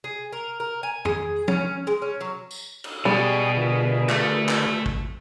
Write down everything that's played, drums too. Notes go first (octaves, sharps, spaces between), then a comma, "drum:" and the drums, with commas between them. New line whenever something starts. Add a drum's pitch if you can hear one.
G#4
A#4
A#4
G#5
G#4, drum: tom
C#4, drum: tom
G#3
C#4
F#3
drum: tambourine
drum: cymbal
B2 G3 G#4 G5
D3 F4 G#4 A#4 B4 E5
A3, drum: clap
drum: clap
drum: kick